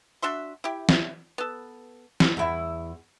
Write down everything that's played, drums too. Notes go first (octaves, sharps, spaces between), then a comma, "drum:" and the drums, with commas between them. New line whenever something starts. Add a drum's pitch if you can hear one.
D4 F#4 E5 C6
E4 G4
drum: snare
B3 A4
drum: snare
E2 E4